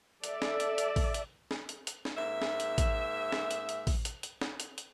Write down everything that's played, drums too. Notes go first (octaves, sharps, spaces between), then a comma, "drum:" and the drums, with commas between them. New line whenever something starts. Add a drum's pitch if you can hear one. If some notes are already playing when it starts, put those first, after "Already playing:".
A4 D5 E5, drum: hi-hat
drum: snare
drum: hi-hat
drum: hi-hat
drum: kick A1, open hi-hat
drum: hi-hat
drum: snare
drum: hi-hat
drum: hi-hat
drum: snare
G#2 A#3 E5
drum: snare
drum: hi-hat
drum: kick A1, hi-hat
drum: snare
drum: hi-hat
drum: hi-hat
drum: kick A1, open hi-hat
drum: hi-hat
drum: hi-hat
drum: snare
drum: hi-hat
drum: hi-hat